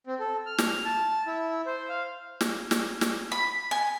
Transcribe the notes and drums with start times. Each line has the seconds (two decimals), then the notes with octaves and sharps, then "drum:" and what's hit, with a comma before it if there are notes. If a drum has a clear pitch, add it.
0.07 C4
0.20 A4
0.46 F6
0.58 drum: snare
0.85 A5
1.27 E4
1.66 C5
1.89 F5
2.41 drum: snare
2.71 drum: snare
3.01 drum: snare
3.32 B5
3.71 G#5